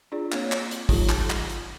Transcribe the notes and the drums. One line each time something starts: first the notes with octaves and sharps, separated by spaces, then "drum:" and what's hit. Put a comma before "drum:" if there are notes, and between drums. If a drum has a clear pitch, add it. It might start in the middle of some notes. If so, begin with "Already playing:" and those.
D4 F4 G#4 D5
A#3 C4 C#5, drum: clap
drum: clap
drum: hi-hat
D3 F3 G#3 D#4 F4 G4, drum: kick, open hi-hat
A5, drum: clap
drum: clap
drum: hi-hat